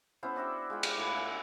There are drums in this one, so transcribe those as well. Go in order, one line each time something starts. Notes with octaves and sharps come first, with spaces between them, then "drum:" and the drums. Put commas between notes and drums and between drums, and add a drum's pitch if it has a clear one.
B3 C#4 E4 C5
D4 F#4 E5 G5
G#3 F4 G5
D5 F5, drum: cymbal
A2 B4 G#5 A5
E5 G#5